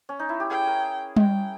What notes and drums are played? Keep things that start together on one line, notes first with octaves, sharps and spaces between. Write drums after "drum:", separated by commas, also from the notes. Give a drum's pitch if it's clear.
C#4
D#4
E4
G4
G#4 G5
A#4
G5, drum: tom G3